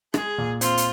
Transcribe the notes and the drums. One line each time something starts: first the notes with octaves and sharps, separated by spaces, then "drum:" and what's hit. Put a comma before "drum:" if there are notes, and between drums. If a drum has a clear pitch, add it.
G#3 G#4, drum: rim click
A#2
C4 F4, drum: hi-hat
drum: hi-hat